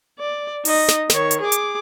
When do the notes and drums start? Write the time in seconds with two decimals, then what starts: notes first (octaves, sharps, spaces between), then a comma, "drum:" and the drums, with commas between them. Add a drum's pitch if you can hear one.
0.19 D5
0.65 D#4 D#5, drum: open hi-hat
0.88 drum: snare
1.10 D#3 C#5, drum: snare
1.31 drum: hi-hat
1.41 G#4 D6
1.52 drum: hi-hat